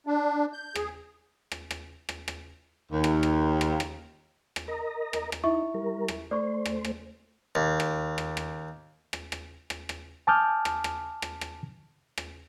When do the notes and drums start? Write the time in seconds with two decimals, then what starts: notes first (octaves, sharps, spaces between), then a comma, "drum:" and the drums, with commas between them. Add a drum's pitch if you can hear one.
0.07 D4
0.53 G6
0.75 G#4, drum: rim click
1.52 drum: rim click
1.71 drum: rim click
2.09 drum: rim click
2.28 drum: rim click
2.91 D#2
3.04 drum: rim click
3.23 drum: rim click
3.61 drum: rim click
3.80 drum: rim click
4.56 drum: rim click
4.68 A#4 D#5 A#5
5.13 drum: rim click
5.32 drum: rim click
5.44 D#4 E4 E5 C#6
5.74 G3 A#4
6.08 drum: rim click
6.31 A3 C5 D5 C#6
6.65 drum: rim click
6.85 drum: rim click
7.55 D#2
7.80 drum: rim click
8.18 drum: rim click
8.37 drum: rim click
9.13 drum: rim click
9.32 drum: rim click
9.70 drum: rim click
9.89 drum: rim click
10.27 G#5 A5 D6 D#6 F6 G6
10.65 drum: rim click
10.84 drum: rim click
11.22 drum: rim click
11.41 drum: rim click
12.18 drum: rim click